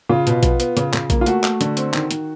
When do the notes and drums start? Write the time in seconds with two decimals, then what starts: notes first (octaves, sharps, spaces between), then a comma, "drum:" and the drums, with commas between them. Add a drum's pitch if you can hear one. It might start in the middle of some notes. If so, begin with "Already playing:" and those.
0.09 C#3 F4
0.27 B2, drum: hi-hat
0.43 B3, drum: kick A#1, hi-hat
0.60 B3, drum: hi-hat
0.77 C#3, drum: hi-hat
0.94 C#3, drum: clap
1.10 A#3, drum: kick A#1, hi-hat
1.21 F4
1.26 A3 F#4, drum: hi-hat
1.44 A3, drum: clap
1.61 D3, drum: hi-hat
1.77 C4, drum: hi-hat
1.94 D#3, drum: clap
2.11 D#3, drum: hi-hat